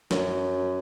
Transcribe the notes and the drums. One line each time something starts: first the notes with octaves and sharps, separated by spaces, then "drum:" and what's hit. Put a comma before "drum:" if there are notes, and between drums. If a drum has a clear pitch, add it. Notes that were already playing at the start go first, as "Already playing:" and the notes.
F#2, drum: snare